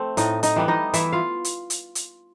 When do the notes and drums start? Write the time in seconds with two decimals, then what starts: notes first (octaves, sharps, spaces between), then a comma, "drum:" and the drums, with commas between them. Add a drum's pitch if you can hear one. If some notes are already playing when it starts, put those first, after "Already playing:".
Already playing: A3 C4
0.17 A2 D#4 D#5, drum: hi-hat
0.43 D#4 D#5, drum: hi-hat
0.56 E3 G3 B3
0.68 D#4 D#5
0.94 E3 E4 E5, drum: hi-hat
1.12 F4 F5
1.45 drum: hi-hat
1.70 drum: hi-hat
1.95 drum: hi-hat